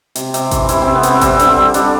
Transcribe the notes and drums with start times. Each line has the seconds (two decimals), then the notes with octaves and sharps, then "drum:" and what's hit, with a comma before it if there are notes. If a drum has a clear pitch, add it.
0.15 C3, drum: hi-hat
0.34 C3, drum: hi-hat
0.51 E3, drum: kick A1, hi-hat
0.69 C3 E4, drum: hi-hat
0.82 C3 C4
0.95 B3
1.03 E3, drum: hi-hat
1.09 C4
1.21 G3 C4, drum: kick A1, hi-hat
1.39 D3, drum: hi-hat
1.57 G3
1.74 G3 D4, drum: hi-hat